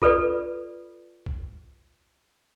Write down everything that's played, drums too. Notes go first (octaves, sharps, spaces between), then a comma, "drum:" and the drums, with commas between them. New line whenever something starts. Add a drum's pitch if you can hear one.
F4 A4 B4 D5, drum: kick C2
drum: kick C2